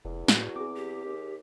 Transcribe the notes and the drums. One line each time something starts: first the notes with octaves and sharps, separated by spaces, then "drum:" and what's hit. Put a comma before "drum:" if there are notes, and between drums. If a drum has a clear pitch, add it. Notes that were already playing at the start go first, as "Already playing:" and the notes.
F1 E2
A2 F#4, drum: snare
C4 G#4 D6
G4
D#2